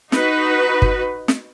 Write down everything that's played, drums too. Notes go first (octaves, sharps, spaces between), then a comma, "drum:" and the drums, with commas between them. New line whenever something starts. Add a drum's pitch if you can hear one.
D#4 F#4 B4, drum: snare
drum: kick G1
drum: snare